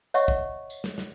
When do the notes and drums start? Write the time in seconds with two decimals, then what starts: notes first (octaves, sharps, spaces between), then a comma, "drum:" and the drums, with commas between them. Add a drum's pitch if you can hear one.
0.14 C#5 D#5 E5 F#5 C#6, drum: tambourine
0.28 drum: kick
0.70 drum: tambourine
0.84 drum: snare
0.98 drum: snare